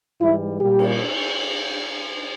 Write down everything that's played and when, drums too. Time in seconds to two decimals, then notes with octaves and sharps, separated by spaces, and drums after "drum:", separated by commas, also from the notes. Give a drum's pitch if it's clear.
0.21 G#2 E3 G3 E4
0.59 A#2 G3 G4
0.79 drum: cymbal